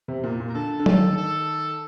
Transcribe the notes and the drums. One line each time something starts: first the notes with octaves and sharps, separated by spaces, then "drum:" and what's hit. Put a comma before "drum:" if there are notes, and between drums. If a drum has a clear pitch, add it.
C3
A#2
A#2
A#4
D3 A4
D3
D#3 A4, drum: tom F#3
A4